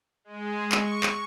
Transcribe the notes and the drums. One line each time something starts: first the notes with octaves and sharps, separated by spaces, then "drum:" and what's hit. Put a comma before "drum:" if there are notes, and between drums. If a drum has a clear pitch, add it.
G#3
C#6, drum: clap
drum: clap